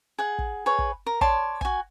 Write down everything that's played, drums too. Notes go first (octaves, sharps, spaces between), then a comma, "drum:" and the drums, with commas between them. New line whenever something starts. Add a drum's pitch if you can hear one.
G#4 F#5
drum: kick
G#4 B4 C#5
drum: kick
A#4
C#5 D5 A5 C6, drum: kick
F#4 G#5, drum: kick